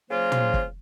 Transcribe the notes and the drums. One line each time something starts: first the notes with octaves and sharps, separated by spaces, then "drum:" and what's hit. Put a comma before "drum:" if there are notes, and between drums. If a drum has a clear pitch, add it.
C#3 F#3 A#3 F4 C5
drum: tom
drum: kick